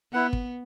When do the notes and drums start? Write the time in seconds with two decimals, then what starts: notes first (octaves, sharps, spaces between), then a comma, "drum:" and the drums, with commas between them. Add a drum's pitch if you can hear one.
0.13 B3 E4 B4 F#5
0.33 drum: kick